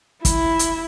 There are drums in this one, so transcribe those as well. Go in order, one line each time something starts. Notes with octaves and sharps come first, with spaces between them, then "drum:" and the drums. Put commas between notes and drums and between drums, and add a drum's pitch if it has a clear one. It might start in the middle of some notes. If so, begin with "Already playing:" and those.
E4, drum: kick, hi-hat
drum: hi-hat